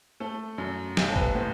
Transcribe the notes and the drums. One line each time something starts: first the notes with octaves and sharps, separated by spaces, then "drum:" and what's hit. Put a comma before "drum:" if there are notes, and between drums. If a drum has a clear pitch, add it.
A3 A4
F#2
B1 G4, drum: snare
A4
B4, drum: kick G#1
A2 C5